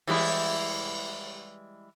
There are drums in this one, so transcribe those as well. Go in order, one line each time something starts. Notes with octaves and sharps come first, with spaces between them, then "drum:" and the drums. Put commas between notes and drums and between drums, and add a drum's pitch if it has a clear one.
E3 G3 G#3 E4, drum: cymbal